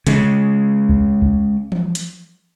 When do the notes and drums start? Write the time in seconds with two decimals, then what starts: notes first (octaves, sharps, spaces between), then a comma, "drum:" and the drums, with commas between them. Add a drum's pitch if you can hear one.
0.07 C#3 G#3, drum: hi-hat
0.89 drum: kick C#2
1.22 drum: kick C#2
1.72 drum: tom E3
1.95 drum: hi-hat